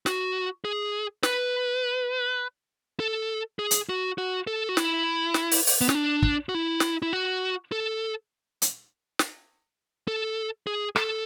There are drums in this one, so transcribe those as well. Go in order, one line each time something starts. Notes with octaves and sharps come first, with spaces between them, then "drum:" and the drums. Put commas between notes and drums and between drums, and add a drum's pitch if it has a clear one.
F#4, drum: snare
G#4
B4, drum: snare
A4
G#4
drum: hi-hat
F#4
F#4
A4
F#4
E4, drum: snare
drum: snare
drum: open hi-hat
drum: open hi-hat
B3
C#4, drum: snare
D4
drum: kick
F#4
E4
drum: snare
E4
F#4
A4
drum: hi-hat
drum: snare
A4
G#4
A4, drum: rim click